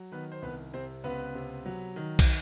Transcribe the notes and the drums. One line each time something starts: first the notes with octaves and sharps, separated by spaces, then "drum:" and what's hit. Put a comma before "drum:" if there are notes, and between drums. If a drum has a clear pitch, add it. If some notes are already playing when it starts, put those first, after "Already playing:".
Already playing: F#3
D#3 B3 B4
C5
C2 B3 B4
C3 C4 C5
C#2 B3 B4
C3
F#3
D#3
drum: kick, cymbal